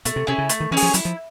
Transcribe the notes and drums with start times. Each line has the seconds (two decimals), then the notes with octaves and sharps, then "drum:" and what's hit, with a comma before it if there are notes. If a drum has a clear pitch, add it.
0.05 B2 A3, drum: hi-hat
0.16 C3
0.27 C3 C#4 E4 G#4
0.38 C#3
0.49 A3, drum: hi-hat
0.60 D#3
0.71 E3 C#4 E4
0.77 G#4, drum: open hi-hat
0.82 F3
0.94 F#3 E4, drum: hi-hat
1.05 F3